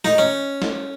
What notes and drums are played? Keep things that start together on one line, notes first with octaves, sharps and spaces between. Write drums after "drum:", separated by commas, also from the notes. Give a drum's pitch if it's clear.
D#4, drum: snare
C#4
drum: snare